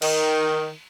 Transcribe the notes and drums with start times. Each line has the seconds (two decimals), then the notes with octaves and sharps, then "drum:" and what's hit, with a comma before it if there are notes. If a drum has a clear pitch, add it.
0.02 D#3, drum: cymbal